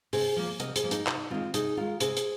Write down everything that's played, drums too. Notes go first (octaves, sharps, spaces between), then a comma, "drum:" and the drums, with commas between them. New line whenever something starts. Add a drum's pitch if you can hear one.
C3 G#4 C5, drum: open hi-hat
F3 A#3
C3 A#4 D#5, drum: hi-hat
G#4 C5, drum: hi-hat
F3 A#3
D#4, drum: hi-hat
C3 D#4, drum: clap
D#3 G#3 C4 F4
C3 D#4 G#4, drum: hi-hat
D#3 G#3 F4 A#4
C3 G#4 C5, drum: hi-hat
drum: hi-hat